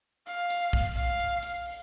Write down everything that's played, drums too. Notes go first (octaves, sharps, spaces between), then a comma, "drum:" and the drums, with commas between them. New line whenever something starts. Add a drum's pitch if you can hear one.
F5, drum: hi-hat
drum: hi-hat
drum: kick, hi-hat
F5, drum: hi-hat
drum: hi-hat
drum: hi-hat
drum: open hi-hat